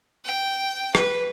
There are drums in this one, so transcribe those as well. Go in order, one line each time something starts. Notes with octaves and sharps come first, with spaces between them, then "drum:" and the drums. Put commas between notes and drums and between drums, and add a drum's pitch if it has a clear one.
G5
B4, drum: rim click